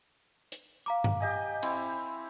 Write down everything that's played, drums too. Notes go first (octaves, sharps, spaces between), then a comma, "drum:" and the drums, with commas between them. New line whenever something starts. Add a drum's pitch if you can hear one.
drum: hi-hat
F5 A#5 D6
drum: tom G2
G4 D#5 G#5
C4 E4, drum: cymbal